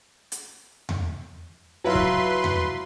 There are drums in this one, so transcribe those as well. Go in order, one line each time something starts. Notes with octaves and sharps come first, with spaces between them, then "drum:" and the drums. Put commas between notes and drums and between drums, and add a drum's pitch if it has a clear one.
drum: hi-hat
drum: tom E2
F#3 E4 F4 B4 C6
drum: kick
drum: tom E2